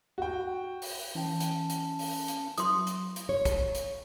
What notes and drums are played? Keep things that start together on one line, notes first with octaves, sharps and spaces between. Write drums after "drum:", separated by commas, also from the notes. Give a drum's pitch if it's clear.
F#4 G5
drum: open hi-hat
E3 C#4 G5 A5
drum: hi-hat
drum: hi-hat
drum: open hi-hat
drum: hi-hat
F#3 E4 C6 D#6, drum: hi-hat
drum: hi-hat
drum: hi-hat
C#5
drum: kick, hi-hat
drum: hi-hat